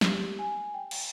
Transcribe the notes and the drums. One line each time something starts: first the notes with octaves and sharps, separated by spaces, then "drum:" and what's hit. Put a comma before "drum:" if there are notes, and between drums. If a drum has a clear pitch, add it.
G4, drum: snare
G#5
G5
drum: cymbal